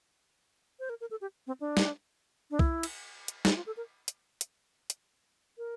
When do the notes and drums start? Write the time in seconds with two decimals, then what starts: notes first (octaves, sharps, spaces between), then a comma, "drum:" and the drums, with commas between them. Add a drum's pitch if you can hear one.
0.80 C5
0.90 A#4
1.01 A#4
1.11 A4
1.21 G4
1.47 C4
1.60 D4
1.77 drum: snare
2.51 D4
2.59 E4, drum: kick C2
2.83 drum: cymbal
3.28 drum: hi-hat
3.45 E4, drum: snare
3.56 F4
3.66 A4
3.77 A#4
4.08 drum: hi-hat
4.41 drum: hi-hat
4.90 drum: hi-hat
5.58 A#4